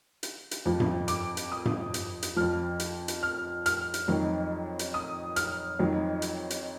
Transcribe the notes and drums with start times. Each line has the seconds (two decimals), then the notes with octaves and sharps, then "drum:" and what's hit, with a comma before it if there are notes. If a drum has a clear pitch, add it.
0.23 drum: hi-hat
0.51 drum: hi-hat
0.65 F2 F3
0.80 drum: tom G2
1.08 D6, drum: hi-hat
1.37 drum: hi-hat
1.52 D#6
1.65 drum: tom G2
1.94 drum: hi-hat
2.23 drum: hi-hat
2.36 F2 F3 F6
2.80 drum: hi-hat
3.08 drum: hi-hat
3.23 F6
3.66 F6, drum: hi-hat
3.94 drum: hi-hat
4.08 F2 D#3 F#3
4.79 drum: hi-hat
4.94 D#6
5.36 F6, drum: hi-hat
5.79 F2 D#3 F#3
6.22 drum: hi-hat
6.50 drum: hi-hat